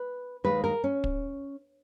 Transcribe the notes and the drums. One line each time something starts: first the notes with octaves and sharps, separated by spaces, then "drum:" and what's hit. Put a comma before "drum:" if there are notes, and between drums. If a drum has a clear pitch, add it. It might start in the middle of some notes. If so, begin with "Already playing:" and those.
Already playing: B4
D#2 D#3 G#3 B4
A#4
C#4
drum: kick